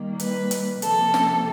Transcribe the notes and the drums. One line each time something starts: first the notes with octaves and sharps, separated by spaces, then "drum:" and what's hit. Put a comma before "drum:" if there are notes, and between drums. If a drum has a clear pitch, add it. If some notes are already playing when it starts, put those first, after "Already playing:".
Already playing: D#3 G3 A#3
B4, drum: hi-hat
drum: hi-hat
C3 F3 A#3 A4, drum: hi-hat
drum: snare